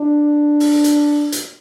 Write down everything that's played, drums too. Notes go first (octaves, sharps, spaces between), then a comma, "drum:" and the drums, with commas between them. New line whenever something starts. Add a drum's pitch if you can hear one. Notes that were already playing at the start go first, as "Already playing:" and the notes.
Already playing: D4
drum: open hi-hat
drum: hi-hat
drum: hi-hat